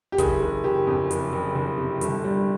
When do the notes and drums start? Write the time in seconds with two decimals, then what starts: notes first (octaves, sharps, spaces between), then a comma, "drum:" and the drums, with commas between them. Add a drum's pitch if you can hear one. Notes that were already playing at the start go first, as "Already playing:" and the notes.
0.12 G4
0.18 F#1 G#4, drum: kick, hi-hat
0.42 F#1
0.64 F#1 G4
0.87 F2
1.11 F#1, drum: hi-hat
1.33 F#1
1.56 F#1
1.78 C3
2.01 G1, drum: hi-hat
2.24 G3